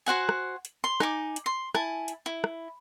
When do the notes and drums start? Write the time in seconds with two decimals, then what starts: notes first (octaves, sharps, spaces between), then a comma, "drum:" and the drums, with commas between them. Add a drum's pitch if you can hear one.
0.06 F#4 C5 F#5 G#5
0.29 drum: rim click
0.65 drum: hi-hat
0.84 C6
1.00 D#4 G#5 D6, drum: rim click
1.36 drum: hi-hat
1.46 C6
1.75 E4 G#5 A5, drum: rim click
2.08 drum: hi-hat
2.26 E4
2.44 drum: rim click